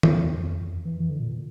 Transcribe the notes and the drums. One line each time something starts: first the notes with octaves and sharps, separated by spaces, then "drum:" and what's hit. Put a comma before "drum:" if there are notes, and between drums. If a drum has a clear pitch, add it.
drum: tom
E2
F2
F2
E3
E3
D3
A#2
A#2